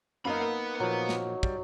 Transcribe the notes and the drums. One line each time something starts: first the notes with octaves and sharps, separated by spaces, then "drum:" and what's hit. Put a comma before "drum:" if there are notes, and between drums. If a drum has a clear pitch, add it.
F#2 A#3 B3 D#4 F5 B5 E6
A#3
A#2 F3 F#3
drum: snare
G3, drum: kick